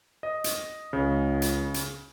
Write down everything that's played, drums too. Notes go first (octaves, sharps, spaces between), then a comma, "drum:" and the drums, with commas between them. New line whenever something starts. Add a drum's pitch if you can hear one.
D#5
drum: hi-hat
C#2 C#3
drum: hi-hat
drum: hi-hat